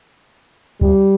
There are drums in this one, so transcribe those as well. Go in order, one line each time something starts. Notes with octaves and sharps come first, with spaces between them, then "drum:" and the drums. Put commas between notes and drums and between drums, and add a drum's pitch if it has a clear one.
G3, drum: kick